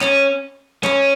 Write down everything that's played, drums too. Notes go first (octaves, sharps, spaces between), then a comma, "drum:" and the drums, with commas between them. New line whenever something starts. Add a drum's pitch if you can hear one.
C#4, drum: clap
C#4, drum: clap